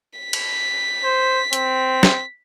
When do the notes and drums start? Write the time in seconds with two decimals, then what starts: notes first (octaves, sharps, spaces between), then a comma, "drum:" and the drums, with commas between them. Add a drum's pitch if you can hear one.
0.19 B6
0.33 drum: cymbal
1.04 C5
1.53 C4, drum: hi-hat
2.03 drum: snare